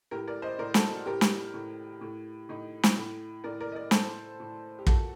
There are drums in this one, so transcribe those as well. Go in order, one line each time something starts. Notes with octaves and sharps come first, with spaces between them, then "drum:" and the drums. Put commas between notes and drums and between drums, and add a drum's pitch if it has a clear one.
A2 G4 A#4
A#4 D5
C5 D#5
A2 A#4 D5
F#4 A4, drum: snare
A2 G4 A#4
drum: snare
A2
A2
A2 D#4
drum: snare
A2
A2 A#4 D5
A#4 D5
D#5
A#4 D5
A2 A4 C5, drum: snare
A2
G4
A#2 F#4 A4, drum: kick